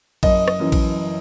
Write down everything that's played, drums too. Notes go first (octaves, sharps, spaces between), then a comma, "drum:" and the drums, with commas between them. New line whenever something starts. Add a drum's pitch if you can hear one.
F#1 D#5, drum: kick A#1, cymbal
drum: rim click
F#2 E3
drum: kick A#1, cymbal